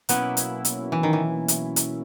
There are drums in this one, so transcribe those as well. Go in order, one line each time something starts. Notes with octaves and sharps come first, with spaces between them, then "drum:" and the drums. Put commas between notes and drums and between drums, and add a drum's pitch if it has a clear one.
B2 F#3 A#3 B3 C#4 E4, drum: hi-hat
drum: hi-hat
drum: hi-hat
E3
D#3
E3
drum: hi-hat
drum: hi-hat